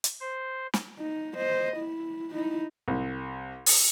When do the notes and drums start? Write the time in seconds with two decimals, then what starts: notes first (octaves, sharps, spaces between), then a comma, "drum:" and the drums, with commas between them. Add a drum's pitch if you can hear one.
0.04 drum: hi-hat
0.20 C5
0.74 drum: snare
0.98 D#4
1.37 C5 D#5
1.77 E4
2.34 D#4 E4
2.88 C2
3.66 drum: open hi-hat